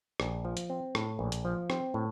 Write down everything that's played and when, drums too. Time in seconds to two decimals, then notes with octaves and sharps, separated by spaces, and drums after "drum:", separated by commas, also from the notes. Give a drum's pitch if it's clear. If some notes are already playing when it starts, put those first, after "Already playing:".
0.20 A#1, drum: rim click
0.45 F3
0.57 drum: hi-hat
0.70 C4
0.95 A2, drum: rim click
1.19 A#1
1.32 drum: hi-hat
1.45 F3
1.70 C4, drum: rim click
1.94 A2